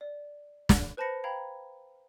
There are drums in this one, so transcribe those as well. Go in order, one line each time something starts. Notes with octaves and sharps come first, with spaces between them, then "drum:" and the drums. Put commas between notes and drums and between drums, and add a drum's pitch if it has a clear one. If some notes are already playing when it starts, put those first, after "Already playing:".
D5
drum: snare
B4 C5 A5 B5 A#6 C#7
F5 G5 A#5 B5 G#6